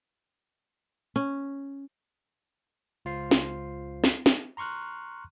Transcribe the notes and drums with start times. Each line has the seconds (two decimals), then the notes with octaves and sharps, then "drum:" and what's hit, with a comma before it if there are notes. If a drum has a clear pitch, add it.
1.16 C#4, drum: hi-hat
3.05 C#2 F4 C5 C7
3.31 drum: snare
4.04 drum: snare
4.26 drum: snare
4.57 A#5 C6 C#6 F6 F#6